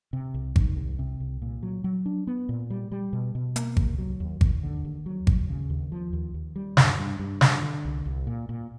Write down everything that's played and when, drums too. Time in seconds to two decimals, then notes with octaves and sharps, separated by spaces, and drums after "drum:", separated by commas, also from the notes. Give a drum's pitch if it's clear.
0.13 C3
0.34 C2
0.56 D#3, drum: kick G#1
0.77 C2
0.99 C3
1.20 C2
1.42 A#2
1.63 F#3
1.84 F#3
2.06 D4
2.27 B3
2.49 A#2
2.70 G3
2.92 G3
3.13 B2
3.35 B2
3.56 A#3, drum: hi-hat
3.77 C2, drum: kick G#1
3.98 F#3
4.20 D#2
4.41 D#2, drum: kick G#1
4.63 D3
4.85 D#2
5.06 F#3
5.27 D#2, drum: kick G#1
5.49 C#3
5.70 D#2
5.92 F3
6.13 D#2
6.34 D#2
6.56 G3
6.77 G2, drum: snare
6.99 G2
7.20 G2
7.41 D3, drum: snare
7.63 D3
7.85 C2
8.06 C2
8.27 A#2
8.49 A#2